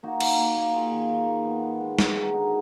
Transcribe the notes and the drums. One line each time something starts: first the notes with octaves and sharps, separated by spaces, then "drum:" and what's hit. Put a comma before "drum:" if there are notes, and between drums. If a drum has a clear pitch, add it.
A#3 D#4 F#4
A#3, drum: cymbal
A#3
A#3
A#3 F4 G#4
D#3
D#3
A#3
B3
B3
G#3
G#3, drum: snare
G#3 F#4 A#4
D3 D#4 F#4